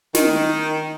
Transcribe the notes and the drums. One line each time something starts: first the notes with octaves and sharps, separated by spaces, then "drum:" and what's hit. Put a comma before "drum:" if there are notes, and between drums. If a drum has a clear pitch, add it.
D#3, drum: snare